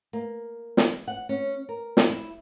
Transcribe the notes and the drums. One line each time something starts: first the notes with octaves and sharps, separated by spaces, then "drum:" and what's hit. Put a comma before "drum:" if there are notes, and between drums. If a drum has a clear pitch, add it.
A#3
drum: snare
F#5
C#4
A#4
drum: snare
E4